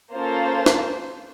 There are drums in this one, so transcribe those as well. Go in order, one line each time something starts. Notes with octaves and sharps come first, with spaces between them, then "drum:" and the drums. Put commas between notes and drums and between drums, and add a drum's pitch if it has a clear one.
A#3 C#4 F4 A4 C5
drum: snare